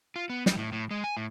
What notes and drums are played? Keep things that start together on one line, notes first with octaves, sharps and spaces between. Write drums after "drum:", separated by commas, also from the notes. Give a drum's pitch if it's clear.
F4
B3
G3, drum: snare
A2
A2
G#3
G#5
A2